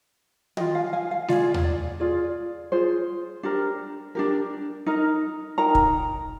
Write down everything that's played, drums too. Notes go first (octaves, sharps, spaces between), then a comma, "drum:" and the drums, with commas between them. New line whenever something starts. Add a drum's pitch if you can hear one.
G#4 D#5 G5, drum: tom
F4
F5 G#5
F5 G#5
F5 G#5
F4 G#4 D5 F5, drum: snare G#3
drum: tom D#2
D5
F4 G#4 D5
F4 G#4 C5
D4 G4 A#4
D4 G4 A#4
D#4 A#4
D#4 A#4 G5 A#5
drum: kick